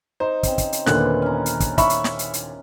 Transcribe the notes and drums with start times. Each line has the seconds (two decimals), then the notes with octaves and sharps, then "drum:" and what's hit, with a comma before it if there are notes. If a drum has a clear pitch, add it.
0.20 D#4 C5
0.43 C#3 C4, drum: kick, hi-hat
0.58 drum: kick, hi-hat
0.73 drum: hi-hat
0.86 D#2 A#2 D3 B3 C#4 E4 F#6, drum: snare
1.22 C#4 A#5
1.46 drum: hi-hat
1.60 drum: kick, hi-hat
1.78 E5 B5 C#6, drum: kick, hi-hat
1.90 drum: hi-hat
2.04 drum: snare
2.19 drum: hi-hat
2.33 drum: hi-hat